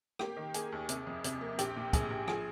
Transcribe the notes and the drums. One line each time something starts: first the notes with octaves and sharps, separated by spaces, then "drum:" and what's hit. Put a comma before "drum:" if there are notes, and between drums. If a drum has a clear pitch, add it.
A#3 G4, drum: rim click
D#3
A#3 G#4, drum: hi-hat
D#2
C3, drum: hi-hat
F2
C3, drum: hi-hat
A#3
A#1 G4, drum: hi-hat
A#2
A#1 G#4, drum: kick, hi-hat
A#1
F3 G#4, drum: rim click